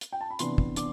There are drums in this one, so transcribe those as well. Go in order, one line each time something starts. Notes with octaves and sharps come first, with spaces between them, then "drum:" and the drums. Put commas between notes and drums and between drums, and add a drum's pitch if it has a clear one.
drum: hi-hat
G5
A5
B5
C3 E3 B3 D4 C6, drum: hi-hat
drum: kick
B3 D4 D6, drum: hi-hat